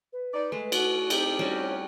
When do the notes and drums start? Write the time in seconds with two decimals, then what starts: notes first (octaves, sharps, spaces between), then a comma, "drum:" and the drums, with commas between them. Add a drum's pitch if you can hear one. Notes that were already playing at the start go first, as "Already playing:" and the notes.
0.13 B4
0.34 D#4 D5
0.52 G#3 A3
0.72 F#4, drum: cymbal
1.10 C4 D#4 G4, drum: cymbal
1.39 G3 C#4 F#4 C#5